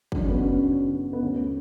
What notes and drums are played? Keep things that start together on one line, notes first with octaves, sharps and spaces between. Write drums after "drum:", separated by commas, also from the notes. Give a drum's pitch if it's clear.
F#2 C#3 E3 D4, drum: kick
C#4
B3
C#4
B3
D2 D3 C#4